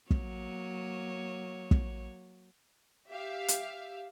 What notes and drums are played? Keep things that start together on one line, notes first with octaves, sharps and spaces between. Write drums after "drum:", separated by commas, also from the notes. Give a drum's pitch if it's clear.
F#3 A#3 C#5, drum: kick
drum: kick
G4 E5 F5
drum: hi-hat